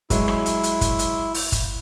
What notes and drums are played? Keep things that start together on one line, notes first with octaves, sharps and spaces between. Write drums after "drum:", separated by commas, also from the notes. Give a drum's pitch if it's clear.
F#3 G#3 E4, drum: kick G1, hi-hat
drum: rim click
drum: hi-hat
drum: hi-hat
drum: kick G1, hi-hat
drum: hi-hat
drum: open hi-hat
drum: kick G1, hi-hat